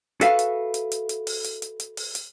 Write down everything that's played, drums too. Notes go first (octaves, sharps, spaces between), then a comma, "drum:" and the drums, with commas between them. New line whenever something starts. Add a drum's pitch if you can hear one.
F#4 A4 B4 E5 F5, drum: hi-hat
drum: hi-hat
drum: hi-hat
drum: hi-hat
drum: hi-hat
drum: open hi-hat
drum: hi-hat
drum: hi-hat
drum: hi-hat
drum: open hi-hat
drum: hi-hat